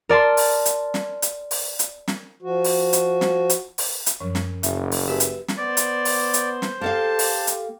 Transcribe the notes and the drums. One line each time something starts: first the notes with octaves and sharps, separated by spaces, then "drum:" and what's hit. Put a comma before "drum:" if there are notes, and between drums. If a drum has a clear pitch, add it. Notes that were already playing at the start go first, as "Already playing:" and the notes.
A#4 D5 A5 C6
drum: open hi-hat
drum: hi-hat
drum: snare
drum: hi-hat
drum: open hi-hat
drum: hi-hat
drum: snare
F3 F#4
drum: open hi-hat
drum: hi-hat
drum: snare
drum: hi-hat
drum: open hi-hat
drum: hi-hat
F#2 F3
drum: snare
F#1 E5, drum: hi-hat
drum: open hi-hat
G4 B4 E5
drum: hi-hat
drum: snare
B3 C5 D5
drum: hi-hat
drum: open hi-hat
drum: hi-hat
drum: snare
A#3 G4 A4 F5 A5
drum: open hi-hat
drum: hi-hat